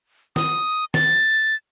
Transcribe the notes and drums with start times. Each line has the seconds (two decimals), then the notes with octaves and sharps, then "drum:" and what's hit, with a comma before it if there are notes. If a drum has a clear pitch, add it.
0.36 D#6, drum: snare D#3
0.94 A6, drum: snare D#3